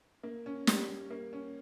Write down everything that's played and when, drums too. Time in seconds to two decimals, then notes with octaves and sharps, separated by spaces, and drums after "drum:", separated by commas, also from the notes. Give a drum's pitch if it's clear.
0.23 A#3
0.46 C#4
0.67 G3, drum: snare
0.89 G3
1.11 A#3
1.33 C#4